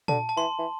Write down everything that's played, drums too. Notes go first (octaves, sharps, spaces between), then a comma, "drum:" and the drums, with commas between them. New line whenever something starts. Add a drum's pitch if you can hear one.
D3 A5, drum: tom A#2
A5
E3 C6
E3